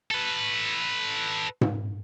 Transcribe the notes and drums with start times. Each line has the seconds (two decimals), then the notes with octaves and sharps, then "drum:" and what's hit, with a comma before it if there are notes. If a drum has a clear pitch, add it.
0.11 A4 B4
1.61 drum: tom G#2